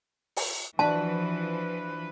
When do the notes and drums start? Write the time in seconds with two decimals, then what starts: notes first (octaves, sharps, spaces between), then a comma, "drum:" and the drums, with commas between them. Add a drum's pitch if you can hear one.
0.36 drum: open hi-hat
0.79 E3 F3 D4 F#4 B4 A5